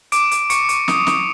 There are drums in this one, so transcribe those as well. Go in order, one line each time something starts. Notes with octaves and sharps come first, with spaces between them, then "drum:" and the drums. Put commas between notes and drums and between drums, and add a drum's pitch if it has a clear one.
D6 D7, drum: hi-hat
D6, drum: hi-hat
C#6 C#7, drum: hi-hat
C#6, drum: hi-hat
D#6, drum: snare
D#6, drum: snare